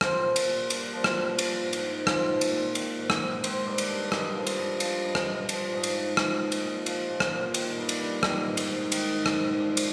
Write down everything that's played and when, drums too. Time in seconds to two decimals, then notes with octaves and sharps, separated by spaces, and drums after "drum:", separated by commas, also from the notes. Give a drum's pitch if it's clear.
0.01 F3 C5, drum: rim click
0.25 A#2
0.36 drum: cymbal
0.48 A#2
0.70 G2, drum: cymbal
0.93 F3
1.04 drum: rim click
1.15 G2
1.39 F3, drum: cymbal
1.61 G#2
1.73 drum: cymbal
1.85 G#2
2.07 F3 C5, drum: rim click
2.30 A#2
2.41 drum: cymbal
2.52 A#2
2.75 D#3, drum: cymbal
2.98 G#2
3.10 drum: rim click
3.21 G#2
3.44 D#3 C5, drum: cymbal
3.66 G2 D5
3.78 drum: cymbal
3.89 G2
4.12 G2 D#5, drum: rim click
4.35 F3
4.47 drum: cymbal
4.57 G2
4.80 F3 F5, drum: cymbal
5.03 G2 D#5
5.15 drum: rim click
5.26 G2 D#5
5.49 F3 F5, drum: cymbal
5.72 G#2 G#4
5.83 drum: cymbal
5.94 G#2 F5
6.17 F3 D#5, drum: rim click
6.40 A#2
6.52 D#5, drum: cymbal
6.63 A#2
6.86 F3 F5, drum: cymbal
7.09 A#2
7.20 drum: rim click
7.32 A#2
7.54 D#3, drum: cymbal
7.78 G2
7.89 drum: cymbal
8.00 G2
8.23 D#3, drum: rim click
8.46 G#2
8.57 drum: cymbal
8.69 G#2
8.92 D#3 D#5, drum: cymbal
9.14 G#2
9.26 drum: rim click
9.37 G#2
9.59 F3 D5
9.77 drum: cymbal